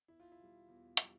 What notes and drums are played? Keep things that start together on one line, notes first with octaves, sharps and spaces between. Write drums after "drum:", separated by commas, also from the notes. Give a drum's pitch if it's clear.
E2 E4
F4
E4
B2 G3
E2
B2 G3, drum: hi-hat